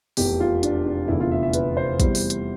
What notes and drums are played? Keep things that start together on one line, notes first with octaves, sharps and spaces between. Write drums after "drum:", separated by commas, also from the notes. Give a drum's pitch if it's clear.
F1 E2 C3 G4, drum: open hi-hat
F4
D4, drum: hi-hat
D4
F1 E2 D3 E4
F4
E5
E5
B4, drum: hi-hat
C5
E2 C3 E3 G3, drum: kick, hi-hat
drum: open hi-hat
drum: hi-hat